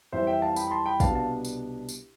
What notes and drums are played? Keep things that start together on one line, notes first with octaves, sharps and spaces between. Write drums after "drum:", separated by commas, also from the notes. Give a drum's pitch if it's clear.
F2 E3 G3 C4 C5 E5
E5 G5
F5 A5
G5 B5, drum: tambourine
B5
A5 C6
G5 B5
C2 B2 B3 D4 F5 A5, drum: kick, tambourine
F5 A5
drum: tambourine
drum: tambourine